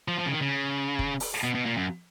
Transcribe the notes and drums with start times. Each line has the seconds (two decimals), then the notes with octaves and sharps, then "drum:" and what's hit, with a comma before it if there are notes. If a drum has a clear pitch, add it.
0.08 F3
0.19 F3
0.27 C#3
0.31 D#3
0.41 C#3
0.99 drum: kick
1.20 drum: open hi-hat
1.44 B2
1.55 B2
1.66 A#2
1.77 F#2